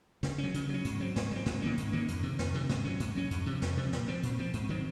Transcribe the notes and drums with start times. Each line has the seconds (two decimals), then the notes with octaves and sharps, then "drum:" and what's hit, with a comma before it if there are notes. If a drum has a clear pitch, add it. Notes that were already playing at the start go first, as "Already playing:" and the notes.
0.23 C#3, drum: snare
0.38 C#4
0.43 F#3
0.54 C#3, drum: hi-hat
0.69 F#3 C#4
0.85 G#2, drum: hi-hat
1.00 F#3 C4
1.16 G#2, drum: snare
1.31 F#3 C4
1.46 G#2, drum: snare
1.62 D#3 A#3 C#4
1.77 G#2, drum: hi-hat
1.92 D#3 A#3 C#4
2.08 F2, drum: hi-hat
2.23 C3 D#3
2.39 F2, drum: snare
2.54 C3 D#3
2.69 G#2, drum: snare
2.84 F#3 C#4
3.00 G#2, drum: hi-hat
3.16 F#3 C#4
3.31 F2, drum: hi-hat
3.46 C3 F3
3.62 F2, drum: snare
3.77 C3 F3
3.93 A#2, drum: snare
4.08 F3 C4
4.23 A#2, drum: hi-hat
4.39 F3 C4
4.53 G#2, drum: hi-hat
4.69 D#3 F#3 C4